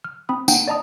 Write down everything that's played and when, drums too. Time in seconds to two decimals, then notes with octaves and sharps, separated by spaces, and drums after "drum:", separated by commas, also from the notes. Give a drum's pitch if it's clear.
0.04 F6
0.29 C4 B5 D#6
0.48 A#3 D4 D#4 F#5 G5, drum: tambourine
0.68 D5 D#5 A5 A#5 D#6